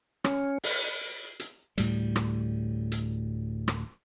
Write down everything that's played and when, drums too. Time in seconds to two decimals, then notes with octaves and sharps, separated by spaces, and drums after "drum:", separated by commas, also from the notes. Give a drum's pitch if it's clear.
0.24 C#4, drum: rim click
0.64 drum: open hi-hat
1.40 drum: hi-hat
1.78 D2 A2 G3, drum: hi-hat
2.16 drum: rim click
2.92 drum: hi-hat
3.68 drum: rim click